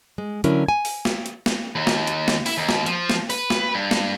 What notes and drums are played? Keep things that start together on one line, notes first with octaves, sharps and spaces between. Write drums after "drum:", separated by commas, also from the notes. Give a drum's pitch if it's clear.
G#3
D3 F#3 C#4 E4 A#4, drum: hi-hat
G#5
drum: open hi-hat
drum: snare
drum: hi-hat
drum: snare
D#2
drum: snare
drum: hi-hat
drum: snare
E4, drum: open hi-hat
D#2
drum: snare
F3, drum: hi-hat
drum: snare
B4, drum: open hi-hat
drum: snare
G2
drum: snare